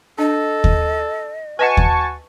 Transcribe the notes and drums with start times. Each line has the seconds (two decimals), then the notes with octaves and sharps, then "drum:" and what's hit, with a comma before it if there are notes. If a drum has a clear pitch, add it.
0.19 D4 A4 D#5
0.64 drum: kick
1.59 F#4 B4 D#5 F#5 G#5 A5 C#6
1.77 drum: kick